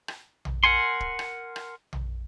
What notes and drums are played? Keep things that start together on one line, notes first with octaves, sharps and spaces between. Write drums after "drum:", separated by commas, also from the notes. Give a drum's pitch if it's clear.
drum: rim click
drum: tom A#1
A#4 F#5 G#5 C6
drum: kick
drum: rim click
drum: rim click
drum: tom A#1